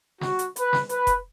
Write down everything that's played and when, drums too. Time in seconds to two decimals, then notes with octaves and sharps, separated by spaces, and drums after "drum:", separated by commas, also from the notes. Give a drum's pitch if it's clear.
0.21 F#4, drum: snare
0.39 drum: hi-hat
0.56 B4, drum: hi-hat
0.73 drum: snare
0.89 B4, drum: hi-hat
1.07 drum: kick F1, hi-hat